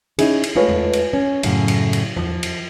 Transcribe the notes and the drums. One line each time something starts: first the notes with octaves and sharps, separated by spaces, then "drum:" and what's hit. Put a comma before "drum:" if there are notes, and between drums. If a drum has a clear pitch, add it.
C#4 D#4 E4 G#4, drum: cymbal
drum: cymbal
G#3 A3 F4 B4 C#5
drum: tom E2
drum: cymbal
C#4
F#2 A2 C#3 A3, drum: cymbal
drum: cymbal
drum: cymbal
F3, drum: tom E2
drum: cymbal